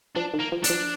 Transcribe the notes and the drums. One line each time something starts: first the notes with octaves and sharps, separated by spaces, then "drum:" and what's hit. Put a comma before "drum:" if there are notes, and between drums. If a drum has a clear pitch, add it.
F3 D4
D#3
A#3
F3
D4, drum: hi-hat
F3